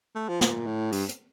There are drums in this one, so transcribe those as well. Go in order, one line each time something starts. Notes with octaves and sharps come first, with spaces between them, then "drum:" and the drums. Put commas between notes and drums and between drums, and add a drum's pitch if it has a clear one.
A3
F3
A#2, drum: snare
A2
G2, drum: open hi-hat
drum: hi-hat